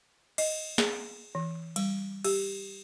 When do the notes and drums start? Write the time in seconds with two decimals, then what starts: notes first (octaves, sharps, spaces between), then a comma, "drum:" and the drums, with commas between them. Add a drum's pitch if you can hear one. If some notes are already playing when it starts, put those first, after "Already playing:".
0.38 D#5, drum: cymbal
0.78 G#4, drum: snare
1.35 E3
1.76 G3, drum: cymbal
2.24 G4, drum: cymbal